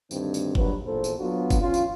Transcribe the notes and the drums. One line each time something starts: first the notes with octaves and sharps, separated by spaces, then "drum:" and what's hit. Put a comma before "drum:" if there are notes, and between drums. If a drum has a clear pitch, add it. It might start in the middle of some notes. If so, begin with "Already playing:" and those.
D2 G2 D#3 C4, drum: tambourine
drum: tambourine
A#1 G2 F#3 B4, drum: kick
A#1 E2 A#2 A4 C5
drum: tambourine
F#3 B3 D4 F4 F#4
drum: kick, tambourine
E2 C#4 F4
drum: tambourine